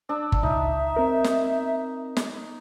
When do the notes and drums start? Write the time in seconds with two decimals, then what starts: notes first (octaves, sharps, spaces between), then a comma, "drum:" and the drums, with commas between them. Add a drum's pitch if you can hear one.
0.09 D4 E6
0.32 drum: kick G1
0.43 C#2 D#4 E5
0.97 C4 A#4
1.24 drum: snare
2.17 drum: snare